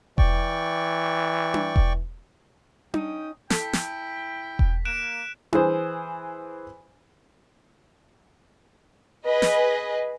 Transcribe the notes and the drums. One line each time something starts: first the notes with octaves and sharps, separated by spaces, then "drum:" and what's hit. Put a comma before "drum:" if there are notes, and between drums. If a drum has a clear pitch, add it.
E3 D5 G5 C#6, drum: kick E1
drum: tom D4
drum: kick E1
C#4 D#4 G5 D#6, drum: tom D4
E4 A4 G5 B6, drum: snare
drum: snare
drum: kick E1
A#3 F#6 D7 E7
E3 G#4 C5, drum: tom D4
G#4 B4 D#5
drum: snare